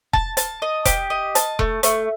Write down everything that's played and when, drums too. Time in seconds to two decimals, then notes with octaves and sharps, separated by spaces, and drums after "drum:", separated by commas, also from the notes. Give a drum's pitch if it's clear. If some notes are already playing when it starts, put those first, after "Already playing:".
0.13 A5, drum: kick E1
0.37 A5, drum: hi-hat
0.62 D#5
0.85 G4, drum: kick E1, hi-hat
1.10 D#5
1.35 A5, drum: hi-hat
1.59 A3, drum: kick E1
1.83 A3, drum: hi-hat